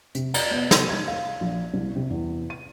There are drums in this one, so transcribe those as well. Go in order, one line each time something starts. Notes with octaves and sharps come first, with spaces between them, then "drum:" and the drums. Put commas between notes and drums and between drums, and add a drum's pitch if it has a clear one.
C3, drum: hi-hat
A#5, drum: cymbal
B3
D#7, drum: snare
G#6
F5
A#1
C2
C3
E2
D#7